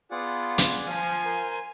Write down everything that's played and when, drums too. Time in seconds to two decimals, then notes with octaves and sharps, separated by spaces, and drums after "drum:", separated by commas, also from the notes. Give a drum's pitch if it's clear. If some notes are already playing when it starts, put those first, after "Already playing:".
0.11 B3 F4 G#4 D5 F#5
0.58 drum: hi-hat
0.87 F3 F5 G#5
1.25 A#4 C5